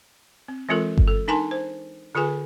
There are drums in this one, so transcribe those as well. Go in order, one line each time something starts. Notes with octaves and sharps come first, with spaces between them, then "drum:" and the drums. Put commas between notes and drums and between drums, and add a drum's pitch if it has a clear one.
C4
E3 G#3 C4 F4 A4 A#4
drum: kick G1
A4
D4 D#4 A#4 G#5 A5 C6
C5
D3 F4 G#4 B4 G#5